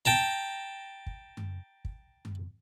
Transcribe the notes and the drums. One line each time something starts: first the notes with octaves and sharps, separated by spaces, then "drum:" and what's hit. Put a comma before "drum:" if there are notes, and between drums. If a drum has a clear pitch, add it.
G5 A5 A#5
drum: kick
drum: tom F#2
drum: kick
drum: tom F#2